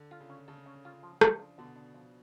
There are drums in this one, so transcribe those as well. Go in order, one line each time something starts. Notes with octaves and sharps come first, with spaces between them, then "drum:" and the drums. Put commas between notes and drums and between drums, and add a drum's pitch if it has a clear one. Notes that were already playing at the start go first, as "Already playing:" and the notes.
Already playing: D3
F4
C#3
C#4
C#3 A4
C#4
F4
F3
F3, drum: rim click
D4
B2 D3
D4
F3